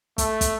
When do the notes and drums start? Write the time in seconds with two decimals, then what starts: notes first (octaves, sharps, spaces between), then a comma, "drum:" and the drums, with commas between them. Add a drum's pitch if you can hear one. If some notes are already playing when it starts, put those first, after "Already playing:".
0.18 A3, drum: kick, hi-hat
0.41 drum: kick, hi-hat